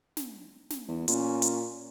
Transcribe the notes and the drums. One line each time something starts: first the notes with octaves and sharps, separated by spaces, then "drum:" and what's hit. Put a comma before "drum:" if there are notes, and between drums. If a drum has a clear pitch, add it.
drum: snare
drum: snare
E2 E4
A#2 C#4, drum: hi-hat
drum: hi-hat